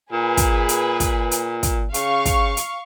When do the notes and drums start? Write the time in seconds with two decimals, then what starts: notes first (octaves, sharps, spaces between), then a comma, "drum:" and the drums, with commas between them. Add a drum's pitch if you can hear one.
0.13 A#2 G#4 B4
0.37 drum: kick, hi-hat
0.69 drum: hi-hat
1.00 drum: kick, hi-hat
1.31 drum: hi-hat
1.63 drum: kick, hi-hat
1.94 C#3 F5 C#6, drum: hi-hat
2.25 drum: kick, hi-hat
2.57 drum: hi-hat